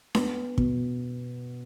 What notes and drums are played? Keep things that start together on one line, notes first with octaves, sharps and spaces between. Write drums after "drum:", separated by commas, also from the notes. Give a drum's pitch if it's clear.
B3, drum: snare D4
B2, drum: kick